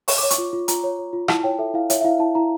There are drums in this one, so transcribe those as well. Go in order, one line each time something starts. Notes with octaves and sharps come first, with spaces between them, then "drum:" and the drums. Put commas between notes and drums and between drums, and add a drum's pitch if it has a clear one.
C#5 C#6, drum: open hi-hat
D6
C#5
C#6, drum: hi-hat
F4
F4
F4 A#5, drum: hi-hat
C#5
C#5
F4
E4 A5, drum: rim click
C#5 G5
A4 E5
E4 F5
C#5 E5, drum: hi-hat
E5
E4 F5
E4 A5
E4 A#5